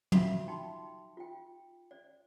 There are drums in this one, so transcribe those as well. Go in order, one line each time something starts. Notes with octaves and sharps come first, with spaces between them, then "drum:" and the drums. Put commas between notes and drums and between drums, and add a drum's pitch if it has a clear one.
F4 F#4 E5 F5 B5, drum: tom
D#4 G5 A5 B5 C6
F4 G5
D5